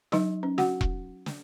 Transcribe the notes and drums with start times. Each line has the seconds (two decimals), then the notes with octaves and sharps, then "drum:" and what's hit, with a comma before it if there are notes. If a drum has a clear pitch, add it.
0.12 F#3 D#4 D#5, drum: snare
0.43 C#4
0.58 F#4 F#5, drum: snare
0.81 drum: kick E1
1.26 drum: snare